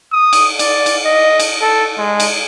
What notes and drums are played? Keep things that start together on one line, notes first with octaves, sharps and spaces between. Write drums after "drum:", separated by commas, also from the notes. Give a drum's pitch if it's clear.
D#6
drum: cymbal
D5, drum: cymbal
drum: cymbal
D#5
drum: cymbal
A4
G#3
drum: cymbal